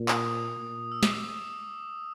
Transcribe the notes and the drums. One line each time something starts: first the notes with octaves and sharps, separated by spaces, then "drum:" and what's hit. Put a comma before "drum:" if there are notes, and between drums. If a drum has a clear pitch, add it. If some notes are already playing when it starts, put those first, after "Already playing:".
Already playing: A#2
D#6, drum: clap
A#2
E6
D6, drum: snare
D#6